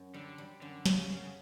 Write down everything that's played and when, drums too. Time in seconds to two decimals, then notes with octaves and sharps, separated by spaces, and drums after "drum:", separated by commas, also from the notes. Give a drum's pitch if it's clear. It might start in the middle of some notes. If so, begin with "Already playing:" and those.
Already playing: F#2
0.14 D3 G3
0.38 G3
0.62 F#2 D3
0.86 C#3 C#4, drum: snare
1.09 F#2 C#3